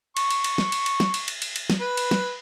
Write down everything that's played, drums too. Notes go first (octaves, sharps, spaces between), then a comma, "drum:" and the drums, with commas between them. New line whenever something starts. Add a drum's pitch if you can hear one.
C#6, drum: cymbal
drum: cymbal
drum: cymbal
drum: snare
drum: cymbal
drum: cymbal
drum: snare
drum: cymbal
drum: cymbal
drum: cymbal
drum: cymbal
drum: snare
B4
drum: cymbal
drum: snare